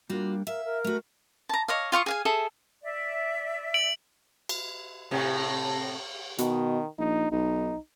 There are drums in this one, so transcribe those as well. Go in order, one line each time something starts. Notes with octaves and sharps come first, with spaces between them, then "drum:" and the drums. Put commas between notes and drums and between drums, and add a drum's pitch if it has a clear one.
G3 A#3 D4 F4 F#4
A#4 E5 F5
A#4
A3 F#4
A5 A#5
C#5 D#5 F5
F4 F5 C#6 D#6
G#4 F5 G#5
G#4 A4 E5 D#6
D5 E5
D7 F#7
drum: cymbal
A2 C3, drum: cymbal
B2 D#3, drum: hi-hat
A#1 D#4
B1 D#4